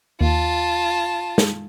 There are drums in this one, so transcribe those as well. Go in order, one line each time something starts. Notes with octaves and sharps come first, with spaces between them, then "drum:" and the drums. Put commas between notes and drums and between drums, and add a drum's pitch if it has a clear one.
D#2 F4 A5
drum: snare